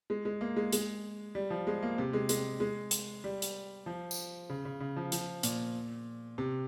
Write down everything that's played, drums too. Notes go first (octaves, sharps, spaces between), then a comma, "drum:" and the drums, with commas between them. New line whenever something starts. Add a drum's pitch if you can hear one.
G#3
G#3
A#3
G#3
G#3, drum: hi-hat
G3
F3
G#3
A#3
C3
G#3
G#3, drum: hi-hat
G#3
drum: hi-hat
G3
drum: hi-hat
F3
drum: tambourine
C#3
C#3
C#3
F3
F3, drum: hi-hat
A#2, drum: hi-hat
C3